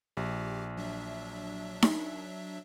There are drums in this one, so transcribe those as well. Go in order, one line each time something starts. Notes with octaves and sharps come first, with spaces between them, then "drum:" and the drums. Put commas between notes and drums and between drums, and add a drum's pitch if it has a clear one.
A#1 G4
F#3 D4 E5
drum: snare D#4